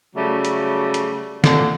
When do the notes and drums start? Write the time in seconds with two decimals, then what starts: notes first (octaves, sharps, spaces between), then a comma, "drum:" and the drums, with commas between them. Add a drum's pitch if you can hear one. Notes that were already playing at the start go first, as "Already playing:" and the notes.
0.15 C#3 F#3 G3 A3
0.45 drum: hi-hat
0.94 drum: hi-hat
1.44 A#2 D3, drum: snare